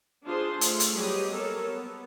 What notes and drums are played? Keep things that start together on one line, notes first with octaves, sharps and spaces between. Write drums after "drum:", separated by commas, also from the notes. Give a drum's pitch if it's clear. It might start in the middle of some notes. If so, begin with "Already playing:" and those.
D4 F4 G#4 C5 A5 C6
A3, drum: hi-hat
drum: hi-hat
F#3 G3 B3 G4 G#4 D#5
A#3 A4 A#4 C#5
B3